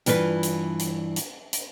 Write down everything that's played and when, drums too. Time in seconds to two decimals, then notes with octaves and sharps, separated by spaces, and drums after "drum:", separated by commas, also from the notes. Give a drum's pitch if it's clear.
0.06 G2 E3 F4 F#4 B4, drum: hi-hat
0.43 drum: hi-hat
0.80 drum: hi-hat
1.16 drum: hi-hat
1.53 drum: hi-hat